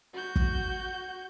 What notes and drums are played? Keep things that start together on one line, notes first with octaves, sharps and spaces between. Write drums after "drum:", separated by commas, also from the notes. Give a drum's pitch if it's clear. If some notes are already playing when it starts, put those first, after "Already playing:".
F#4 G6
drum: kick